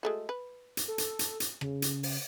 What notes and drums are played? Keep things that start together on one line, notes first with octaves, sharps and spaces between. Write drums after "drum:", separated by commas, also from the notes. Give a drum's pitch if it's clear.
G#3 A3 F#4
B4
drum: hi-hat
A4
drum: hi-hat
drum: hi-hat
drum: hi-hat
C#3, drum: rim click
drum: hi-hat
drum: open hi-hat